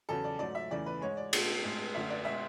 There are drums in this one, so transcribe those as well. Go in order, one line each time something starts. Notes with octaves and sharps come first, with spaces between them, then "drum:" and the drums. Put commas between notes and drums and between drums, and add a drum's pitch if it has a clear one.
E2 C#3 F#3 A4
D5
G#2 F#3 A3 D5
E5
E2 C#3 E3 A3 D5
B4
G#2 G#3 C#5
D5
B2 A3, drum: cymbal
A2 G#3
F#2 D3 A3 E5
D5
B2 G#3 E5